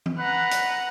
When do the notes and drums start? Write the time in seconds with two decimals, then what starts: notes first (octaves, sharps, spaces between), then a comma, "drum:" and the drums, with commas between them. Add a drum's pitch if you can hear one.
0.06 drum: tom E3
0.19 B4 F#5 A#5
0.51 drum: hi-hat